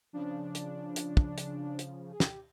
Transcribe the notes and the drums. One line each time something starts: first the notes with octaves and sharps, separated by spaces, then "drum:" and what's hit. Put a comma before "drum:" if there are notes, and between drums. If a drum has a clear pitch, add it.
C#3 F3 D4
drum: hi-hat
drum: hi-hat
drum: kick
drum: hi-hat
drum: hi-hat
G#4
G4, drum: snare